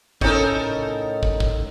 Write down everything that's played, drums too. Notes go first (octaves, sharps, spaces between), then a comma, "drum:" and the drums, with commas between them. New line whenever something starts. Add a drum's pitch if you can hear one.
A2 C#4 D#4 A4 A#4, drum: kick
drum: kick
drum: kick